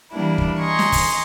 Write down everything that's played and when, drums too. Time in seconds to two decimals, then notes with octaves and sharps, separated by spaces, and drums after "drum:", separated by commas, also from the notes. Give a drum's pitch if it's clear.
0.11 E3 G3 A#3 D4 E4
0.38 drum: kick
0.60 D#5 G#5 A#5 C6 C#6
0.79 drum: snare
0.92 drum: kick, open hi-hat